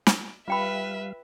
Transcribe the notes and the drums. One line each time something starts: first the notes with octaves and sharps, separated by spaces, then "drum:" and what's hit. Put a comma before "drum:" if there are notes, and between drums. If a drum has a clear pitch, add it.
drum: snare
G3 F4 B4 E5 F5 G5 B5